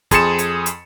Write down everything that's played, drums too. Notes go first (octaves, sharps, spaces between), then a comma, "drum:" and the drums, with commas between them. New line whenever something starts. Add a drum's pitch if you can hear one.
F2 G#4 C6 A6 C#7 E7, drum: kick, hi-hat
drum: hi-hat
drum: hi-hat